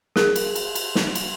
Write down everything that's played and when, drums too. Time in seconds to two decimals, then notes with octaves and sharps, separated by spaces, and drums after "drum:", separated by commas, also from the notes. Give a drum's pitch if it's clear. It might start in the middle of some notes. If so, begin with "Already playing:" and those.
0.16 G#4 A#4, drum: snare
0.36 drum: cymbal
0.56 drum: cymbal
0.75 drum: cymbal
0.95 drum: snare
1.15 drum: cymbal